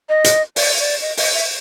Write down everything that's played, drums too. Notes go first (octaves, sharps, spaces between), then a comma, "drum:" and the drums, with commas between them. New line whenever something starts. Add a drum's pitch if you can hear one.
D#5
drum: hi-hat
D5, drum: open hi-hat
D5
D#5
D#5, drum: open hi-hat
E5